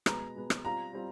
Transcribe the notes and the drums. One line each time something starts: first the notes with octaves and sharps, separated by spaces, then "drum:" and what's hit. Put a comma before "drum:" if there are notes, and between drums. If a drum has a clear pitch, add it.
B2 G#3 B3 A#5, drum: rim click
B2 G#3 B3
drum: rim click
G3 C4 F4 A#5
G3 C4 F4